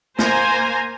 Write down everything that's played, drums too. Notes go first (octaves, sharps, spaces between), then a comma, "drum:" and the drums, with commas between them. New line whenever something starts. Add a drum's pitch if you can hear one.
A#3 C5 G#5 A#5, drum: snare